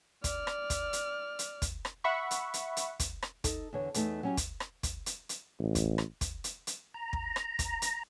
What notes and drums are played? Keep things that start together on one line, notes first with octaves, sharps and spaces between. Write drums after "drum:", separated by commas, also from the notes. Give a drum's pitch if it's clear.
D5 F6, drum: kick, hi-hat
drum: rim click
drum: kick, hi-hat
drum: hi-hat
drum: hi-hat
drum: kick, hi-hat
drum: rim click
E5 F#5 B5 C#6
drum: hi-hat
drum: hi-hat
drum: hi-hat
drum: kick, hi-hat
drum: rim click
D#4 A4, drum: kick, hi-hat
E2 D3 C#5
E2 A3 D#4, drum: hi-hat
F#3 C#4 G4
drum: kick, hi-hat
drum: rim click
drum: kick, hi-hat
drum: hi-hat
drum: hi-hat
A1
drum: kick, hi-hat
drum: rim click
drum: kick, hi-hat
drum: hi-hat
drum: hi-hat
A#5
drum: kick
drum: rim click
drum: kick, hi-hat
drum: hi-hat